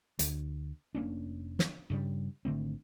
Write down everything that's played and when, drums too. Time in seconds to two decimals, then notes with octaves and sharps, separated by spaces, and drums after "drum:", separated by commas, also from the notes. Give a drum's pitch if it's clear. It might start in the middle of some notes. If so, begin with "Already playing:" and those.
0.19 D2, drum: hi-hat
0.95 F1 A#3 C#4 D4
1.59 drum: snare
1.90 G2 C#3 G3
2.45 G#1 D3 A3 C4